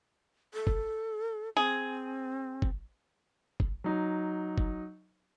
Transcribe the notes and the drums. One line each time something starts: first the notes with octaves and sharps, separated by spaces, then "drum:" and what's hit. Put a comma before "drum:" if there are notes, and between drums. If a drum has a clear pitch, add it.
A4
drum: kick
C4 G#4
drum: kick
drum: kick
F#3 D#4
drum: kick